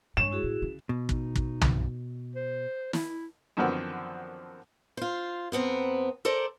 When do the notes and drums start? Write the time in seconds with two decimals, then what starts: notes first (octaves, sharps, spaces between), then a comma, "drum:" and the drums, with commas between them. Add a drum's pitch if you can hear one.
0.17 G2 G#3 C#5 C#6 E7
0.31 E4 F#4 G#4
0.44 A2
0.62 C#3
0.89 B2
1.09 D#4, drum: kick
1.36 drum: kick
1.61 drum: tom
2.36 C5
2.93 E4, drum: snare
3.57 F#2 D3 D#3 F3 B3 C4
4.97 F4 C5
5.52 F2 B3 C4 A#5
6.25 A4 A#4 C5 D5